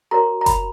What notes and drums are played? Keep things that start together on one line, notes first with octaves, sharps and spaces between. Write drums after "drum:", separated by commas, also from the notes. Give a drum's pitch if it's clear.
F#4 A#4 C#5 A#5
A#5
B5, drum: kick F#1, hi-hat